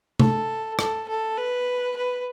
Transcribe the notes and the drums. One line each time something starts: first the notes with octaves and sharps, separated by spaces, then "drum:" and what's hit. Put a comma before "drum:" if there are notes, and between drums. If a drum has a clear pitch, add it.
A4, drum: tom C3
A4, drum: rim click
A4
B4
B4